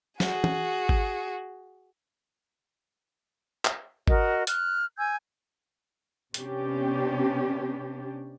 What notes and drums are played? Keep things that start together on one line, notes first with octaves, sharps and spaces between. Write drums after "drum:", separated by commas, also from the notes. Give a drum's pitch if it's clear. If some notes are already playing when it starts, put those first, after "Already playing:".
F#4 G#4, drum: snare
drum: tom
drum: kick G#1
drum: clap
F#4 A#4 D#5, drum: kick G#1
F6 F#6, drum: hi-hat
G#5 E6 G6 G#6
C3 B3 C#4 D4 G4, drum: hi-hat